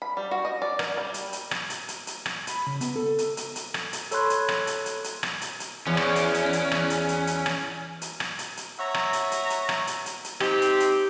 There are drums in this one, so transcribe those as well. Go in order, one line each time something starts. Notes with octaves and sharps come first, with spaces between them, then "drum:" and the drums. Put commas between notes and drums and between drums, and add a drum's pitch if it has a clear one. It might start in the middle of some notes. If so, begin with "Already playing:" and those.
B5
G3
F#4
D#5
D5
A#4, drum: rim click
G3
drum: hi-hat
drum: hi-hat
drum: rim click
drum: hi-hat
drum: hi-hat
drum: hi-hat
drum: rim click
B5, drum: hi-hat
C#3
B3, drum: hi-hat
A4
drum: hi-hat
drum: hi-hat
drum: hi-hat
drum: rim click
drum: hi-hat
A4 C#5 B5 C6 F#6, drum: hi-hat
drum: hi-hat
drum: rim click
drum: hi-hat
drum: hi-hat
drum: hi-hat
drum: rim click
drum: hi-hat
drum: hi-hat
E2 C#4
drum: rim click
drum: hi-hat
drum: hi-hat
drum: hi-hat
drum: rim click
drum: hi-hat
drum: hi-hat
drum: hi-hat
drum: rim click
drum: hi-hat
drum: rim click
drum: hi-hat
drum: hi-hat
C#5 E5 F#5 A#5
drum: rim click
drum: hi-hat
drum: hi-hat
drum: hi-hat
drum: rim click
drum: hi-hat
drum: hi-hat
drum: hi-hat
C4 D#4 G4, drum: rim click
drum: hi-hat
drum: hi-hat